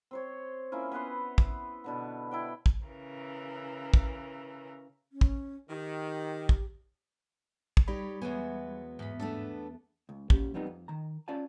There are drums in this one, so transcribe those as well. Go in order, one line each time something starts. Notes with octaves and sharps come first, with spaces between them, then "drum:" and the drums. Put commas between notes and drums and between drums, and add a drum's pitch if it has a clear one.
C4 C5 C#5
A#3 C#4 E4 F4
B3 B4 F#5 C6
drum: kick
B2 D3 B3
E4 D5 G5
drum: kick
C#3 E3 A#4
drum: kick
C#4
drum: kick
D#3 G4
drum: kick
drum: kick
G3 D#4 G4 C#5 D5 B5
E2 F#3 G#3 B3 F#4 G#5
E2 G#2 B5
A3 B3 D4 A4
C#2
A#2 A#3 C#4 G4, drum: kick
F3 G3 B3 C4 D#4
F2
D#3 A#5
C#4 F4 D5 F5 G#5 A5